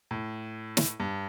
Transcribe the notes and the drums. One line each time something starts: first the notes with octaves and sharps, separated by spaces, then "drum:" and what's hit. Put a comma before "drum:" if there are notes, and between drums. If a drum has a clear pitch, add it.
A2
drum: snare
G2